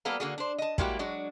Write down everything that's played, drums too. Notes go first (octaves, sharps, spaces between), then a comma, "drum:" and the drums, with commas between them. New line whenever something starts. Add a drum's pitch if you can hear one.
G3 A#3 B3 A4 F5 A#5
D3 A#3 F#4 G#4
D4 C5
D#5 A5
G3 G#3 A#3 E4 F#4 G4, drum: kick
F#3 G#3 D4 F#4